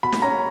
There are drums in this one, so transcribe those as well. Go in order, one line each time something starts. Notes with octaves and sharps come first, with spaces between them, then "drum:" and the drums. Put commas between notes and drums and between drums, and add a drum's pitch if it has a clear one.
B2 B5
drum: snare
C#4 A#5